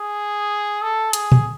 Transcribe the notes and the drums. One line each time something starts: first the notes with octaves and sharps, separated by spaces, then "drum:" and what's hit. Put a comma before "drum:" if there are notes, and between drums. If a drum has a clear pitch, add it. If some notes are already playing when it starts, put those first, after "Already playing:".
Already playing: G#4
A4
G#4, drum: hi-hat
drum: tom A#2